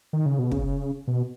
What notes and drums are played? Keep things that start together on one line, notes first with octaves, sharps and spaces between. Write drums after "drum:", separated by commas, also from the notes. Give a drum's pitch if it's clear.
D#3
C#3
B2
C#3, drum: kick
B2